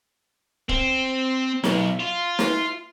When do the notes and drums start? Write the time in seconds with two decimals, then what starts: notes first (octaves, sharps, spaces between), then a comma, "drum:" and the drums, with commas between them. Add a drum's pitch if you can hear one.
0.69 C4, drum: kick
1.64 B1, drum: snare
1.99 F4
2.39 drum: snare